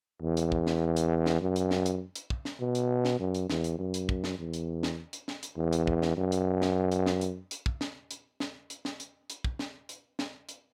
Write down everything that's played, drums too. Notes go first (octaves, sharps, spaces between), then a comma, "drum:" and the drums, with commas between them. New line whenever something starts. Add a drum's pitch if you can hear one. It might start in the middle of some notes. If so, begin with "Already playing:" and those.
E2
drum: hi-hat
drum: kick
drum: snare
drum: hi-hat
drum: snare
F#2
drum: hi-hat
drum: snare
drum: hi-hat
drum: hi-hat
drum: kick
drum: snare
B2
drum: hi-hat
drum: snare
F#2
drum: hi-hat
E2, drum: snare
drum: hi-hat
F#2
drum: hi-hat
drum: kick
drum: snare
E2
drum: hi-hat
drum: snare
drum: hi-hat
drum: snare
drum: hi-hat
E2
drum: hi-hat
drum: kick
drum: snare
F#2
drum: hi-hat
drum: snare
drum: hi-hat
drum: snare
drum: hi-hat
drum: hi-hat
drum: kick
drum: snare
drum: hi-hat
drum: snare
drum: hi-hat
drum: snare
drum: hi-hat
drum: hi-hat
drum: kick
drum: snare
drum: hi-hat
drum: snare
drum: hi-hat